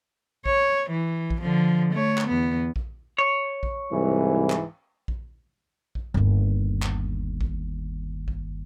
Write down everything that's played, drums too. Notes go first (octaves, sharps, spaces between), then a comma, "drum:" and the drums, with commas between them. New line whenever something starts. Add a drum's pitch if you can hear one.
C#5, drum: kick A#1
E3
drum: kick A#1
D3 F3
A3 C#5
drum: clap
E2 B3
drum: kick A#1
C#5
drum: kick A#1
C2 G#2 E3
drum: clap
drum: kick A#1
drum: kick A#1
G1 D#2
drum: clap
drum: kick A#1
drum: kick A#1